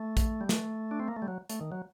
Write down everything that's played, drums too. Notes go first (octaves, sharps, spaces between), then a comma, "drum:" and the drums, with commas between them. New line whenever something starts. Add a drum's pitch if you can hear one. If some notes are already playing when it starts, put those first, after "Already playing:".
Already playing: A3
drum: kick, hi-hat
G3
A3, drum: snare
D4
C4
A#3
A3
G3
F#3
A3, drum: hi-hat
D#3
F#3